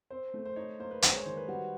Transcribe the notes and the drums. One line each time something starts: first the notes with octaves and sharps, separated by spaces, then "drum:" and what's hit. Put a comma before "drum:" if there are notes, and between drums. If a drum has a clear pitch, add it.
C4 C5
A3
C5
D#4 C#5
A#3 C5
B4
G#3 C5, drum: hi-hat
C#5
D#3 C5
B4
G3 F#4